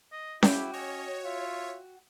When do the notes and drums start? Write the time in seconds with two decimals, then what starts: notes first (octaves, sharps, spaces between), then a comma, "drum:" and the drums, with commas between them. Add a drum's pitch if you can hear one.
0.12 D#5
0.43 E4 F#4 G4 G5 D6, drum: snare C#4
0.74 C#4 C#5 D#5
1.25 F4 E5